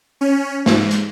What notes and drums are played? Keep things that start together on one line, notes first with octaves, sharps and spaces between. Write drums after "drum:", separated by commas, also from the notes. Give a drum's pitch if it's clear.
C#4
G#2, drum: snare
drum: hi-hat